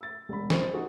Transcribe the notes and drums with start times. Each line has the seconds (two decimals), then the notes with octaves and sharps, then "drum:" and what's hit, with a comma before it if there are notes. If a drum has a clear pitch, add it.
0.01 E6 A6
0.29 E1 B5
0.50 G#4 C5, drum: snare
0.72 D#4 F#4 G#4 A#4